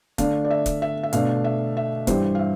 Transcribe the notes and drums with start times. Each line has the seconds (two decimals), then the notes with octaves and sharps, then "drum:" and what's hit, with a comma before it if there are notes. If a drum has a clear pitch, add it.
0.18 D3 A3 D4 F5, drum: kick, hi-hat
0.45 D5
0.50 E5
0.66 drum: kick, hi-hat
0.82 E5
1.03 E5
1.13 B2 A3 D4 F5, drum: hi-hat
1.44 E5
1.77 E5
2.07 G2 E3 G3 C5, drum: kick, hi-hat
2.35 F5
2.39 E5